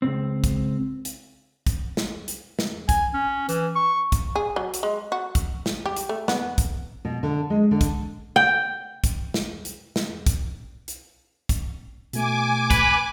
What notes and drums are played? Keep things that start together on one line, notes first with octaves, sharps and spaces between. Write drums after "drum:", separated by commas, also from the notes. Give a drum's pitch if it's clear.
C#2 G2 C4
drum: kick, hi-hat
drum: hi-hat
drum: kick, hi-hat
drum: snare
drum: hi-hat
drum: snare
G#5, drum: kick, hi-hat
C#4
E3, drum: hi-hat
C#6
drum: kick, hi-hat
G#4
F#3
drum: hi-hat
G#3
F#4
drum: kick, hi-hat
drum: snare
G4
drum: hi-hat
A3
B3, drum: snare
drum: kick, hi-hat
B2
D3
G#3
D3
drum: kick, hi-hat
G5
drum: kick, hi-hat
drum: snare
drum: hi-hat
drum: snare
drum: kick, hi-hat
drum: hi-hat
drum: kick, hi-hat
B2 A3 G#5 D6, drum: hi-hat
B4, drum: kick, hi-hat